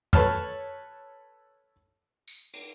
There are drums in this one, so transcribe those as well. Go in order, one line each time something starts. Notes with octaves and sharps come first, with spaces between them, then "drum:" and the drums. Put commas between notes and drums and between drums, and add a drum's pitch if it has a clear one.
A4 B4 C#5 A5 F6, drum: tom
drum: tambourine
drum: cymbal